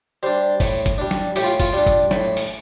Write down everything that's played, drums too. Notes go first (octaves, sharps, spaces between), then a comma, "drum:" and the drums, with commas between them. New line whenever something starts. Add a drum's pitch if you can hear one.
G3 D4 C5
A2, drum: kick F#1, open hi-hat
drum: kick F#1, hi-hat
G3 D4
drum: snare
A2 G4, drum: open hi-hat
F4
F4, drum: kick F#1, open hi-hat
G3 D4
drum: kick F#1, hi-hat
A2, drum: snare
drum: open hi-hat